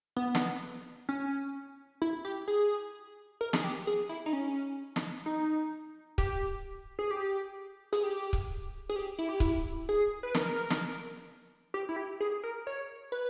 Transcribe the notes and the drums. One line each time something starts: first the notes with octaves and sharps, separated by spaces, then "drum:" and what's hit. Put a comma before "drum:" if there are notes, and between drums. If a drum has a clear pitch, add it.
B3
drum: snare
C#4
E4
G4
G#4
A#4
G#4, drum: snare
G4
G#4
E4
D#4
C#4
drum: snare
D#4
G4, drum: kick C#1
G#4
G4
G#4, drum: hi-hat
G4
drum: kick C#1
G#4
G4
E4
G4
E4, drum: kick C#1
G#4
B4
A#4, drum: snare
drum: snare
G4
E4
G4
G#4
A#4
C#5
B4